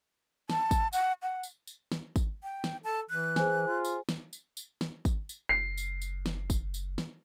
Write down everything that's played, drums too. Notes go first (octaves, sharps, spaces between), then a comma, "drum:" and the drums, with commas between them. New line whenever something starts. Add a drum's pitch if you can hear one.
A5, drum: snare
drum: kick, tambourine
F#5, drum: tambourine
F#5
drum: tambourine
drum: tambourine
drum: snare
drum: kick, tambourine
G5
drum: snare
A4 A5
E3 F#6
G#4 C5 G#5, drum: snare
F4
drum: tambourine
drum: snare
drum: tambourine
drum: tambourine
drum: snare
drum: kick, tambourine
drum: tambourine
F#1 C7
drum: tambourine
drum: tambourine
drum: snare
drum: kick, tambourine
drum: tambourine
drum: snare